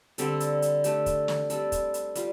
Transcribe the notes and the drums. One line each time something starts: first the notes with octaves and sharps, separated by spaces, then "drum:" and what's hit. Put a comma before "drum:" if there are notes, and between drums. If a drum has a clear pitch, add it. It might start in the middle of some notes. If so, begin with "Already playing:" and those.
D3 G3 C4 A4, drum: hi-hat
drum: hi-hat
drum: hi-hat
A3 D4 G4, drum: hi-hat
drum: kick, hi-hat
drum: snare
G3 C4 A4, drum: hi-hat
drum: kick, hi-hat
drum: hi-hat
G3 F4, drum: hi-hat